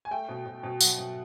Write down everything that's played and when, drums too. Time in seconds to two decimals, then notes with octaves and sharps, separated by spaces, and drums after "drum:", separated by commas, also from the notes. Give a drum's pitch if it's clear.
0.05 G#5
0.11 A3 G5
0.29 B2
0.46 B2
0.63 B2
0.81 F#3 F#5, drum: tambourine
0.98 B2